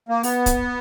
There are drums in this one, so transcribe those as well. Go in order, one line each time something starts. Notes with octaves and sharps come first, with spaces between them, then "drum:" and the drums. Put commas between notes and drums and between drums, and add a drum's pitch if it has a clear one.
A#3
B3, drum: open hi-hat
drum: kick, hi-hat